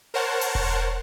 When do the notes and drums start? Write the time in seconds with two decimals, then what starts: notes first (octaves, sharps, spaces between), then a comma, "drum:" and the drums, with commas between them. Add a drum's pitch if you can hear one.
0.14 A#4 C5 C#5 F#5 A5
0.41 drum: open hi-hat
0.55 drum: kick E1